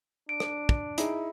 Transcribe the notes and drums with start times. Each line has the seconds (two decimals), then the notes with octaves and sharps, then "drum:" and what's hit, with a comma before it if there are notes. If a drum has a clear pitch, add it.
0.29 D4 D7
0.40 drum: rim click
0.69 drum: kick
0.98 D#4 E4 G#4, drum: hi-hat